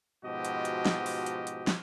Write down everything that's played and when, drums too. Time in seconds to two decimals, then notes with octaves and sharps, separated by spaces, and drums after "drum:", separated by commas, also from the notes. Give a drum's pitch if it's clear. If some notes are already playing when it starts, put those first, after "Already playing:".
0.24 G#2 B2 F3 F#4 G4 D#5
0.45 drum: hi-hat
0.65 drum: hi-hat
0.85 drum: snare
1.06 drum: open hi-hat
1.26 drum: hi-hat
1.47 drum: hi-hat
1.67 drum: snare